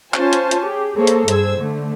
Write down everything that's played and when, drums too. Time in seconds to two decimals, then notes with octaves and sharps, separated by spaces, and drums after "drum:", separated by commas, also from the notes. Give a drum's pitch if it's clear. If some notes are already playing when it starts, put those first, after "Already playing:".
0.14 C#4 F4 C5 C#5 G#5 A5, drum: clap
0.33 drum: hi-hat
0.51 drum: hi-hat
0.63 G4 G#4
0.96 A#3 G#4 A4 C5 C#5
1.07 drum: hi-hat
1.28 G2 G#4 C5 E6 G#6, drum: hi-hat
1.58 D3 A3